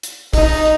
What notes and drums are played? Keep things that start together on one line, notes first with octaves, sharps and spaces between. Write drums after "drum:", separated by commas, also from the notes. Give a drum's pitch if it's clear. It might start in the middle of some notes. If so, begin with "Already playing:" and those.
drum: hi-hat
D#4, drum: kick, open hi-hat